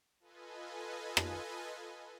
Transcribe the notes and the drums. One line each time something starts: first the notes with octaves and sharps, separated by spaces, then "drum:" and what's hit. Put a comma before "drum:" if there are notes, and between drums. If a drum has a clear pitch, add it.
F4 A4 B4 D#5 G#5
drum: rim click